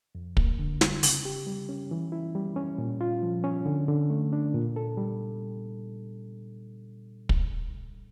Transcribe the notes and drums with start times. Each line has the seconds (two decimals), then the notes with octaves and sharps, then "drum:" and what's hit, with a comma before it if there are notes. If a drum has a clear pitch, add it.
0.15 F2
0.37 A#3, drum: kick
0.59 D3
0.81 G3, drum: snare
1.03 C#3, drum: open hi-hat
1.25 G4
1.47 G3
1.69 C#4
1.91 E3
2.12 E4
2.35 G3
2.56 C#4
2.78 A#2
3.01 F4
3.23 F3
3.44 C#4
3.66 D3
3.88 D3
4.10 A3
4.33 D4
4.54 A#2
4.76 A4
4.97 G3
7.29 drum: kick